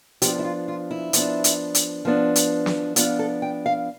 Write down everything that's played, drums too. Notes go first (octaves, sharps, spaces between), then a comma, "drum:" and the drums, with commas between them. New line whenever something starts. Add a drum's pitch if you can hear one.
F3 B3 D4 G4, drum: hi-hat
E4
F4
F4
E4
F3 B3 D4, drum: hi-hat
drum: hi-hat
drum: hi-hat
F3 B3 D4
drum: hi-hat
drum: snare
F3 B3 D4 F4, drum: hi-hat
A4
G5
F5